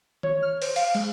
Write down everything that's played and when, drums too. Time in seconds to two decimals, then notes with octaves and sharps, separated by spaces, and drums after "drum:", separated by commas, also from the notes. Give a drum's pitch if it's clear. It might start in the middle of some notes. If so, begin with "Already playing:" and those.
0.23 C#5, drum: tom D#3
0.42 F6
0.62 C5, drum: open hi-hat
0.76 F5, drum: open hi-hat
0.95 G#3, drum: cymbal